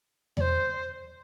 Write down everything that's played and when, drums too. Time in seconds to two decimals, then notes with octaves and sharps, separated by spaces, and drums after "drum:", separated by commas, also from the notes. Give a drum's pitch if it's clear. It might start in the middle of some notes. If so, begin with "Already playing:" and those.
0.37 D5, drum: tom E2
0.41 C5